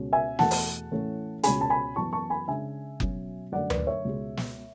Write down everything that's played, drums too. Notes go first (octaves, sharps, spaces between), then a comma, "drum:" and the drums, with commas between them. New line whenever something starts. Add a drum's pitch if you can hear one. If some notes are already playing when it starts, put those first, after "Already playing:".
Already playing: C#2 B2 G#3 C#4
E5 G#5
E2 B2 A3 F#5 A5, drum: snare
drum: open hi-hat
A2 E3 A3 C#4
C#2 B2 G#3 C#4 G#5 B5, drum: hi-hat
A5
G#5 B5
F#2 E3 B3 A5 C#6
A5 C#6
G#5 B5
C#3 G#3 D4 E5 G#5
B2 F#3 C#4, drum: kick F#1
F#2 D3 A3 D5 F#5
B4 D5, drum: tom D2
C#5 E5
C#2 B2 G#3
drum: snare